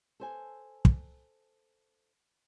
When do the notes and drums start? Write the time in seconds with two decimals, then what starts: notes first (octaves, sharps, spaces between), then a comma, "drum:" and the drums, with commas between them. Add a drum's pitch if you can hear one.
0.20 A4 C5 G#5
0.85 drum: kick